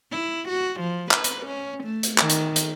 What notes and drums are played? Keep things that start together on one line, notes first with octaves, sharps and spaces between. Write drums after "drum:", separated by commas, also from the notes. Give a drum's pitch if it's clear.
E4
F#4
F3
B4, drum: clap
drum: hi-hat
C#4
A3
drum: hi-hat
D#3, drum: clap
drum: hi-hat
drum: hi-hat